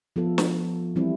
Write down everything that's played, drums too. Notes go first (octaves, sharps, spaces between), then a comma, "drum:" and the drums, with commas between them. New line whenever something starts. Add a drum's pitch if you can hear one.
F3 B3 F4 A4
drum: snare
E3 G3 C4 E4